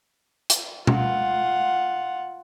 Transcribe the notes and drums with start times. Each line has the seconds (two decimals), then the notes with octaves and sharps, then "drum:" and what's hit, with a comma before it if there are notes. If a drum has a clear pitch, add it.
0.50 drum: hi-hat
0.87 F4 F#5, drum: tom B2